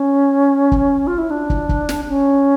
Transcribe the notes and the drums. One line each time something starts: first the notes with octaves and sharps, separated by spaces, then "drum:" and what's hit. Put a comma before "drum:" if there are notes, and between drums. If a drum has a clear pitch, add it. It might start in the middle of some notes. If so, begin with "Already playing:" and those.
Already playing: C#4
drum: kick
F4
E4
D4
drum: kick
drum: kick
drum: snare
C#4